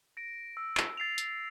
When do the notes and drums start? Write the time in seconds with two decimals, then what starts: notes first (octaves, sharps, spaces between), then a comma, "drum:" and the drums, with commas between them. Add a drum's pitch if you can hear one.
0.17 A#6 D7
0.57 E6
0.77 drum: clap
0.97 A6 C7 F7
1.18 drum: hi-hat